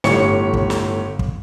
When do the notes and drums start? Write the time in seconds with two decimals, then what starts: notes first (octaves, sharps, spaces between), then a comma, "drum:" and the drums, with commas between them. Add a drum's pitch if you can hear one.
0.04 G1 A2 G4 C#5 C#6 C#7, drum: snare
0.53 drum: kick
0.70 drum: snare
1.19 drum: kick